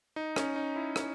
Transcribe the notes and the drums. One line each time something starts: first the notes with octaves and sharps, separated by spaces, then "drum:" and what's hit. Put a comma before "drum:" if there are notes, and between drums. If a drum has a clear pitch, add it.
D#4
C#4, drum: rim click
D#4
E4
C#4, drum: rim click